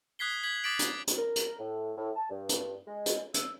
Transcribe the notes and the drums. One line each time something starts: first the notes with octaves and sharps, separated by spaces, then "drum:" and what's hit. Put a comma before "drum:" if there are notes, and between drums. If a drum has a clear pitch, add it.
D#6 F#6 G#6 B6 C7 G7
G#6 B6 F#7
D6 D#6 A6 B6 D7 F#7
drum: hi-hat
drum: hi-hat
A#4
drum: hi-hat
A2
A2
A5
G2
drum: hi-hat
G#3
drum: hi-hat
E6, drum: hi-hat